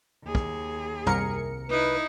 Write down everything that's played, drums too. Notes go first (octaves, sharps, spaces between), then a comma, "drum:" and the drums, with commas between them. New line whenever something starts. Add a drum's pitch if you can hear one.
D#2 G#4
drum: kick
C2 A#4 C#7, drum: tom
D#4 E4 B4